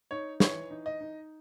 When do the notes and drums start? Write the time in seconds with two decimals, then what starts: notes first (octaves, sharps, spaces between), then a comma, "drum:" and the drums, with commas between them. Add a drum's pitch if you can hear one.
0.11 D#4 C#5
0.40 E3 C#5, drum: snare
0.71 D#4
0.86 D#5
1.01 D#4